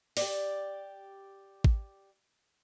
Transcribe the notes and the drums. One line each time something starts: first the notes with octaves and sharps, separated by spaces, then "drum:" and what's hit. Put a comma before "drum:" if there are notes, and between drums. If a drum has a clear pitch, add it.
G4 D5, drum: open hi-hat
drum: kick